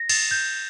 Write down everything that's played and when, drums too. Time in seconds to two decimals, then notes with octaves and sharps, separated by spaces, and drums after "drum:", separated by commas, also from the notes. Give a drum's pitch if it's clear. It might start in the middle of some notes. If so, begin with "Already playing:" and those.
Already playing: A#6
0.09 A6, drum: cymbal
0.31 G6